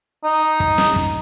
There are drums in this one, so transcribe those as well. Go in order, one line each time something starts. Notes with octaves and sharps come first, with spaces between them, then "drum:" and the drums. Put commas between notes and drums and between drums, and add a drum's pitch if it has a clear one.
D#4
drum: kick
drum: snare
drum: kick